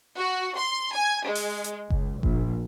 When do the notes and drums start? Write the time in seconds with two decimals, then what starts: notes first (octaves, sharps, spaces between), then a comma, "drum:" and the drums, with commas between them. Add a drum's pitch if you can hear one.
0.17 F#4
0.57 C6
0.93 G#5
1.26 G#3
1.35 drum: open hi-hat
1.64 drum: hi-hat
1.90 C#2, drum: kick F#1
2.23 A#1, drum: kick F#1